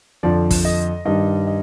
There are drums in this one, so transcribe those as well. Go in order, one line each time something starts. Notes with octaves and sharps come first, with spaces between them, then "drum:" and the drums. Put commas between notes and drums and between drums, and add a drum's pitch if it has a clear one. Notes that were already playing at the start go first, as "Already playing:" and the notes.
F2 D3 F3 D5
drum: kick, open hi-hat
D#5
G2 D#3 G3 D#5
D#5